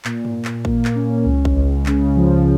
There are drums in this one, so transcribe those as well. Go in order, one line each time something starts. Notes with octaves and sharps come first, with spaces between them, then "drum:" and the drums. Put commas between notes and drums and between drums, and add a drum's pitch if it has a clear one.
A#2, drum: clap
drum: tom
A#2
drum: clap
A#3, drum: kick A1
drum: clap
C#4
C#2
drum: kick A1
C#2
C#3, drum: clap
F3